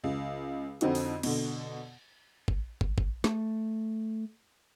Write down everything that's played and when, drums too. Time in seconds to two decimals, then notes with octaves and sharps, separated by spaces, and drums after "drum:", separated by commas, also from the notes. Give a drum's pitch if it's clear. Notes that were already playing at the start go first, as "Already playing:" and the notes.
0.04 C#2
0.81 F2 D3 C4 D#4 F#4, drum: hi-hat
0.95 drum: open hi-hat
1.23 B2 D3, drum: cymbal
2.48 drum: kick
2.81 drum: kick
2.98 drum: kick
3.24 A3, drum: snare